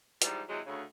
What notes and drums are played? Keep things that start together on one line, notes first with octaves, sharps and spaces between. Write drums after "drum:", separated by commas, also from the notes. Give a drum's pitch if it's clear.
G#2 E3 F3 G3, drum: hi-hat
C3 E3 F#3 G#3
D2 C#3